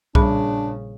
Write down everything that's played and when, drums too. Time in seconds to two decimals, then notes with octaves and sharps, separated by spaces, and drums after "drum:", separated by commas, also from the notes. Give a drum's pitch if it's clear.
0.15 A#1 C#3 G3 D4 G#4 B5, drum: kick B1